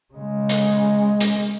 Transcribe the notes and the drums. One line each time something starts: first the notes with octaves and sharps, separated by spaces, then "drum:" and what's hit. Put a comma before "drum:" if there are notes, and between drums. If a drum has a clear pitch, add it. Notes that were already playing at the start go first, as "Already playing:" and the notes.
C#3 G#3
drum: hi-hat
drum: hi-hat